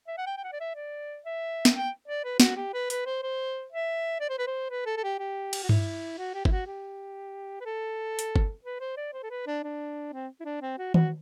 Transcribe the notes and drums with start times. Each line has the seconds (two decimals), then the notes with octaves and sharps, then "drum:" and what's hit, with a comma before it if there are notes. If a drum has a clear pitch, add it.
0.07 E5
0.18 F#5
0.26 G5
0.37 G5
0.44 F#5
0.52 D5
0.60 E5
0.75 D5
1.25 E5
1.65 drum: snare
1.75 G5
2.08 D5
2.24 B4
2.40 F#4, drum: snare
2.56 G4
2.74 B4
2.90 B4, drum: hi-hat
3.05 C5
3.23 C5
3.72 E5
4.20 D5
4.29 C5
4.38 B4
4.47 C5
4.70 B4
4.86 A4
4.97 A4
5.04 G4
5.19 G4
5.53 drum: cymbal
5.64 F#4
5.69 E4, drum: tom G2
6.18 F#4
6.34 G4
6.45 E4, drum: kick G1
6.51 F#4
6.67 G4
7.60 B4
7.65 A4
8.19 drum: hi-hat
8.36 drum: kick G1
8.64 B4
8.80 C5
8.97 D5
9.13 C5
9.23 A4
9.30 B4
9.47 D4
9.64 D4
10.13 C4
10.40 E4
10.45 D4
10.62 C4
10.78 F#4
10.94 F#4, drum: tom D#3